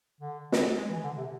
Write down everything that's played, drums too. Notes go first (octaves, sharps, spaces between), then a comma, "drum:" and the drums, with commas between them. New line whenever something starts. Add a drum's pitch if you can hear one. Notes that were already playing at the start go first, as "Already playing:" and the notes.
D3
drum: snare
G#3
E3
D3
C3